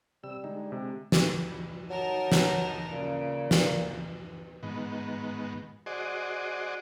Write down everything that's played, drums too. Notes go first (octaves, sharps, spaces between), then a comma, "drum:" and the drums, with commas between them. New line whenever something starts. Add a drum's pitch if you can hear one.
C3 G3 E6
D3 G#3 D#4
C3
drum: snare
F#3 D#4 A#4 A5
drum: snare
A#2 C#3
drum: snare
G#2 D#3 B3
F#4 G#4 C5 D5 D#5